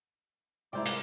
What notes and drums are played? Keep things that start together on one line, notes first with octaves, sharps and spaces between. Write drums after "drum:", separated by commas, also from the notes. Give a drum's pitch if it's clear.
C3 G#3 E4 C5 D5 G5 A#5
A#4 B4, drum: hi-hat